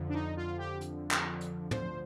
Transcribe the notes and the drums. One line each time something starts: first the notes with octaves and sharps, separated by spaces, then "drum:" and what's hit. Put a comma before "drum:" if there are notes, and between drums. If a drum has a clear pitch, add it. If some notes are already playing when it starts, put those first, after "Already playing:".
Already playing: F2 D3 F3
D4
D#4
F4
G4
drum: hi-hat
drum: clap
drum: hi-hat
D2 D3 F3 C5, drum: tom